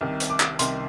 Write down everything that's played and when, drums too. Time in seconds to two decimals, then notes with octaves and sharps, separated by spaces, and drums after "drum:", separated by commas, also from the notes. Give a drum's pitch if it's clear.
0.01 C2 C3 D#3
0.20 drum: hi-hat
0.30 D6
0.40 drum: clap
0.59 C2 C3 D#3 C6, drum: hi-hat